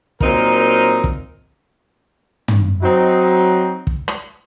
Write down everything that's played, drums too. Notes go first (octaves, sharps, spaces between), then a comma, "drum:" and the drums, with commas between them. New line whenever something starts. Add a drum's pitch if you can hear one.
A#2 F#3 C4 D#4 A#4, drum: kick
drum: kick
drum: tom
F#3 C4 D#4
drum: kick
drum: rim click